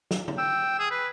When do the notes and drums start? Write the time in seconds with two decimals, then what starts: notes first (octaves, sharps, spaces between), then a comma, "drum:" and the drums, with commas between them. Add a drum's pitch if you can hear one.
0.11 drum: snare
0.28 drum: tom
0.38 G5 E6
0.80 G#4
0.91 B4